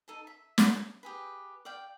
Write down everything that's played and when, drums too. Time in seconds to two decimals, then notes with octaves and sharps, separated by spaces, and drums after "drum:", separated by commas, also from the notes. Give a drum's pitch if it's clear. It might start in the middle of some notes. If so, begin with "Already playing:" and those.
0.08 D#4 A4 D#5 A5
0.27 E5
0.58 drum: snare
1.03 G4 G#4 B4
1.65 D5 F5 G5